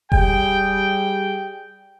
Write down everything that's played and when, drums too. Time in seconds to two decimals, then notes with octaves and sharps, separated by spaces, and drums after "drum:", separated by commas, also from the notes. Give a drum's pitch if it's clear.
0.12 G3 G#4 G5, drum: kick F1